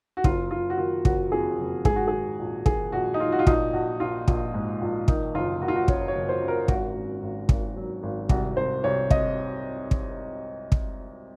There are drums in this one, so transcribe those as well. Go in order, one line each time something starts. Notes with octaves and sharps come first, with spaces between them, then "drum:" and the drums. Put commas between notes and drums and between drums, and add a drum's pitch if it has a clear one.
F#4
F#1 F4, drum: kick
F#1 F4
F#4
D#3 F4
F#1 F#4, drum: kick
F2 G#4
F#1
G#2 G#4, drum: kick
F#4
D#3 G#4
A#1
D#3 G#4, drum: kick
A#1 F#4
D#4
F#3 F4
F#4
F4
A#1 D#4, drum: kick
A#1 F#4
A#1 F4
A#1, drum: kick
G#2
A#1
D#3 D#4, drum: kick
F#1 F4
D#3 F#4
F4
F#4
F#2 C#5, drum: kick
C#5
F#1
C5
F#2
A#4
G#1 F#4, drum: kick
G#1
G#1
G#1, drum: kick
F#3
G#1
C2 F#4, drum: kick
C2 C5
C2 C#5
C3 D#5, drum: kick
drum: kick
drum: kick